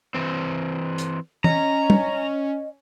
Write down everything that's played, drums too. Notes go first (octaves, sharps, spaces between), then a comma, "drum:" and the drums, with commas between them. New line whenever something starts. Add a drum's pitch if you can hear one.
E3 C4
drum: hi-hat
C#4 D#5 A#5, drum: tom
drum: tom